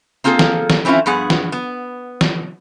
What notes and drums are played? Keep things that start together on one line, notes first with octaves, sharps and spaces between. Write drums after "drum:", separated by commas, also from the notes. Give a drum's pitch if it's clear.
A#3 C4 F4 G#4 A4
drum: snare
drum: snare
E3 C4 C#4 E4 F4
G2 F3 B3 G#4 F#5
drum: snare
B3
drum: snare